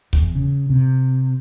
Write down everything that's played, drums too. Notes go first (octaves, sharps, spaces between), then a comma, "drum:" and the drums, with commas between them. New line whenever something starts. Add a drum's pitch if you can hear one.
E2, drum: kick
C#3
C3